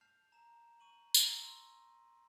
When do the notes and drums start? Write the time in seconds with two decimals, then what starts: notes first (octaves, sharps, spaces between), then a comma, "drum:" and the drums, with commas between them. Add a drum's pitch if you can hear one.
0.01 A5 F6 G6 C7 F7
0.32 A5 A#5 E7
0.80 C#6 D#7 F#7
1.14 A#5 B5 E6 A#6, drum: tambourine
1.39 C6